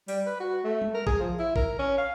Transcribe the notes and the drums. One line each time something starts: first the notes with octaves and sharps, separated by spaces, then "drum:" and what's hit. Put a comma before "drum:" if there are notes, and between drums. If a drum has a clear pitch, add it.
G3, drum: open hi-hat
B4
F#4
A3
drum: tom G3
A#4
G#4, drum: kick
F3
E4
A#4, drum: kick
C#4
F5